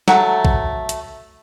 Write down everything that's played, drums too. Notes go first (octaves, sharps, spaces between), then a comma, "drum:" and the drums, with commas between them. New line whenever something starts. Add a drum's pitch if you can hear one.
F#3 A3 F#5 A#5, drum: snare
drum: kick
drum: hi-hat